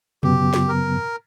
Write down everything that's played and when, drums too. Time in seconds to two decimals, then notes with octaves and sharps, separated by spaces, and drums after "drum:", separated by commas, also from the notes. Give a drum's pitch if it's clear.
0.23 F#2 C#3 F#3 B3 G4, drum: tom B2
0.54 drum: snare
0.68 A#4